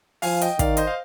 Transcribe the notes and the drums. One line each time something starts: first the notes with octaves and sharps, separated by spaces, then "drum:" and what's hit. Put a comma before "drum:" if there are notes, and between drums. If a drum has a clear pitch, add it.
F3 F5 G#5, drum: open hi-hat
D#5 G5, drum: hi-hat
D#3 D5 F5, drum: kick, hi-hat
C5 D#5, drum: hi-hat
F5